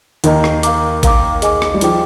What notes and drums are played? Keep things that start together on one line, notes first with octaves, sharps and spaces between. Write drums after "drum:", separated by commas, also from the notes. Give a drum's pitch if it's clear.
D#2 D#3 D#4 A#4 D#5 A#5, drum: hi-hat
drum: rim click
A#4 F5 A#5 D6, drum: hi-hat
A#4 F5 A#5 D6, drum: kick A1, hi-hat
G#4 D#5 G#5 D6, drum: hi-hat
drum: rim click
G3
F3 D#4 G#4 C5 G5 D6, drum: hi-hat